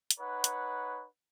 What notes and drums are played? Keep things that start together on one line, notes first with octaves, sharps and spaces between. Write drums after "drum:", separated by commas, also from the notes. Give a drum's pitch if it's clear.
drum: hi-hat
D#4 B4 C#5 F#5
drum: hi-hat